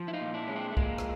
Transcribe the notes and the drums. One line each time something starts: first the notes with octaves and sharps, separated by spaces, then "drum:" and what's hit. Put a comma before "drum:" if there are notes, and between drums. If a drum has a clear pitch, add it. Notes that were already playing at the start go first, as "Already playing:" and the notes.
Already playing: F3
E4
D#4 F4
A#2
D4 E4
G#3 C#4
C4 D4
A3
A#2 G#3 A#3, drum: kick
drum: rim click